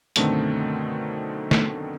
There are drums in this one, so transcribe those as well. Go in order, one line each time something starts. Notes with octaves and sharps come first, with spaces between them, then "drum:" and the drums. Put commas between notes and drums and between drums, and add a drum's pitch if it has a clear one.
F#2 B2 D3 D#3 A3 C4, drum: hi-hat
drum: snare